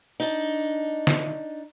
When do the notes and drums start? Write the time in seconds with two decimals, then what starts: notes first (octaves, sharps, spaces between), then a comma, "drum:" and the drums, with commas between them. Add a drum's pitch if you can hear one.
0.20 D4 D#4
1.07 drum: snare